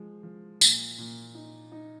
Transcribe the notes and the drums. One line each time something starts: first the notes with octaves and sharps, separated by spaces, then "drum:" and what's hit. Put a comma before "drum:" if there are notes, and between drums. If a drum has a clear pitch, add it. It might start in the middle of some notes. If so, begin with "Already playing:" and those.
Already playing: F3 G#3
F3
A#2, drum: tambourine
A#2
D#4
D#4